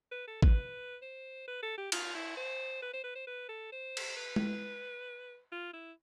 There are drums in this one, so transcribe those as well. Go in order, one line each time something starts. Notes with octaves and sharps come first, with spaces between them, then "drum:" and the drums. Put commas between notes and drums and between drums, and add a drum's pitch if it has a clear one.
B4
A4
B4, drum: kick
C5
B4
A4
G4
F4, drum: cymbal
E4
C5
B4
C5
B4
C5
B4
A4
C5
drum: cymbal
B4
drum: tom G#3
F4
E4